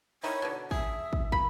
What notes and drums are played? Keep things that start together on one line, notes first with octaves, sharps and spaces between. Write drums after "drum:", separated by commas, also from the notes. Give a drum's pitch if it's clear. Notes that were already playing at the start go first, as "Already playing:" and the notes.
D#3 D#4 E4 C#5
B2 D3
G#4 E5, drum: kick
drum: kick
A#3 B5, drum: kick